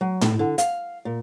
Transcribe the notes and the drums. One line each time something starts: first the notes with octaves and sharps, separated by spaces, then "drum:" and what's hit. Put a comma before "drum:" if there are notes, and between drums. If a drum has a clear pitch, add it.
F#3
A2, drum: tom
D3
F5, drum: hi-hat
A#2